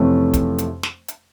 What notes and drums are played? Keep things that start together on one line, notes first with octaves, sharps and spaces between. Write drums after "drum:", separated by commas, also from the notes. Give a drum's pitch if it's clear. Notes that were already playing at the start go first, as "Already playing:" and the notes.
Already playing: F2 C3 E3 A3 C#4
drum: kick, hi-hat
drum: hi-hat
drum: snare
drum: hi-hat